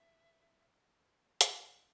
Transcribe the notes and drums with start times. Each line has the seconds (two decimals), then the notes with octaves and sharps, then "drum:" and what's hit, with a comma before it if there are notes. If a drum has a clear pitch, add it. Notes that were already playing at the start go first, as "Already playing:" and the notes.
Already playing: E5
1.41 drum: hi-hat